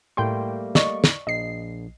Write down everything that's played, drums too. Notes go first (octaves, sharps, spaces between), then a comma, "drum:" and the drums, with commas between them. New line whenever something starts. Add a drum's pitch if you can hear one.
A2 G3 A3 A#3 G5 C6
D5 D#5 C#6, drum: snare
drum: snare
A#1 D#5 C7